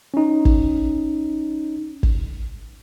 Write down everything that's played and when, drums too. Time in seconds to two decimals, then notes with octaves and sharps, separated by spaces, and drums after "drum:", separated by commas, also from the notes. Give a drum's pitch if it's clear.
0.14 C#4 D#4
0.45 drum: kick
2.03 drum: kick